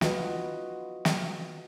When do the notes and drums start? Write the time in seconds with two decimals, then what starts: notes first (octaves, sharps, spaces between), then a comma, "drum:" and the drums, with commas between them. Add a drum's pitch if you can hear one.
0.01 F4 F#4 B4 D#5, drum: snare
1.05 drum: snare